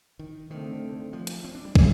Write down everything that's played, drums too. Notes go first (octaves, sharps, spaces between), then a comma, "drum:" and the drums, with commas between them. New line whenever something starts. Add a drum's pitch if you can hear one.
D#3
D3 D#3 A3 C4
F3
drum: hi-hat
C4
D4
G3
G3, drum: kick